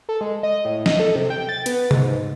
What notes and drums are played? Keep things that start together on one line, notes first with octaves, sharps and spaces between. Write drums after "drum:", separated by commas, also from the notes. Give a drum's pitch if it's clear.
A4
G#3
D#5
A2
D#5, drum: snare
A4
C3
G5
A6
B3, drum: hi-hat
G#2, drum: tom C3